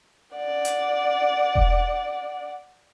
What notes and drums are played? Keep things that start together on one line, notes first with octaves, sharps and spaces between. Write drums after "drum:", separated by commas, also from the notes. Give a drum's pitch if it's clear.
D5 F#5
drum: hi-hat
drum: kick E1